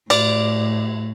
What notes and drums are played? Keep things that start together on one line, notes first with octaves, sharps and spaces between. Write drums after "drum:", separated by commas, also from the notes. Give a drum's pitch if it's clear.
A2 D5, drum: cymbal